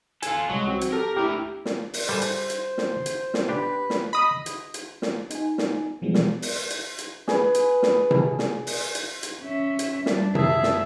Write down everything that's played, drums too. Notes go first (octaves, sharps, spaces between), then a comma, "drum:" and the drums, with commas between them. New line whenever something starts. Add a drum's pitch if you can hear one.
F4 A4 G#5, drum: hi-hat
C2 F#3 G#3
C4 F#4
drum: hi-hat
G4 A4 A#4
D2 E4 G4 A#4
drum: snare
drum: open hi-hat
G3 A4 C5 G#5
drum: hi-hat
drum: hi-hat
drum: snare
drum: hi-hat
drum: snare
D4 G4 B4
drum: snare
D#5 B5 D#6
drum: hi-hat
drum: hi-hat
drum: snare
D#4 G#5, drum: hi-hat
drum: snare
B2 E3 F3 G3 G#3 B3
drum: snare
drum: open hi-hat
drum: hi-hat
drum: hi-hat
G#4 B4, drum: snare
drum: hi-hat
drum: snare
drum: tom C3
drum: snare
drum: open hi-hat
drum: hi-hat
drum: hi-hat
C#4 E5
drum: hi-hat
G3 D4, drum: snare
F#2 G#4 E5 A5, drum: tom C3
drum: snare